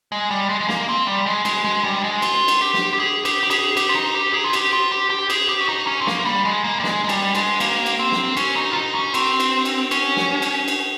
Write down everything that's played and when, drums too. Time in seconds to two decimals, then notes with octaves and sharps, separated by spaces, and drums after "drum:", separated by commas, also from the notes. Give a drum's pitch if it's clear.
0.12 G#3
0.31 G3
0.49 G#3
0.61 G#3
0.68 A#3, drum: snare
0.89 C4
1.07 G3
1.26 G#3
1.45 G#3, drum: cymbal
1.65 G#3
1.84 G3
2.04 G#3
2.22 F4, drum: cymbal
2.48 drum: cymbal
2.61 G4
2.74 drum: snare
2.93 G4
3.00 G#4
3.25 G4, drum: cymbal
3.43 G4
3.51 G#4, drum: cymbal
3.77 G4, drum: cymbal
3.89 F4
3.95 D#4
4.15 G4
4.33 G#4
4.44 F4
4.53 G4, drum: cymbal
4.73 F4
4.92 G4
5.10 G4
5.30 G#4, drum: cymbal
5.49 G4
5.61 C#4
5.68 D#4
5.87 C#4
6.01 C4
6.07 A#3, drum: snare
6.25 G3
6.45 G#3
6.64 A#3
6.80 G3
6.84 G#3, drum: snare
7.04 G#3
7.09 G3, drum: cymbal
7.35 G#3, drum: cymbal
7.60 A#3, drum: cymbal
7.86 drum: cymbal
7.99 C4
8.12 drum: snare
8.37 C#4, drum: cymbal
8.57 D#4
8.72 F4
8.76 D#4
8.95 C#4
9.14 C4, drum: cymbal
9.40 drum: cymbal
9.65 drum: cymbal
9.91 C#4, drum: cymbal
10.17 drum: snare
10.42 drum: cymbal
10.68 drum: cymbal